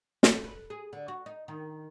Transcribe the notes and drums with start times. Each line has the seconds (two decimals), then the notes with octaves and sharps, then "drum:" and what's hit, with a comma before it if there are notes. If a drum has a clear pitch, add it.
0.23 A3, drum: snare
0.44 B4
0.70 G#4
0.93 D3
1.08 F#4
1.26 D#4
1.48 D#3